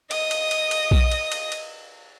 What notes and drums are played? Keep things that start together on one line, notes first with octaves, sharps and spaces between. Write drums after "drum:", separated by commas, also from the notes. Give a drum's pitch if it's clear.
D#5 D#6, drum: cymbal
drum: cymbal
drum: cymbal
drum: cymbal
drum: kick B1
drum: cymbal
drum: cymbal
drum: cymbal